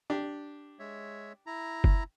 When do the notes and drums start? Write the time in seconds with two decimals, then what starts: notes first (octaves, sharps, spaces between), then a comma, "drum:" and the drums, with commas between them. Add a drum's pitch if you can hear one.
0.10 D4 G4
0.79 G#3 C#5 E5
1.47 E4 A#5
1.84 drum: kick F#1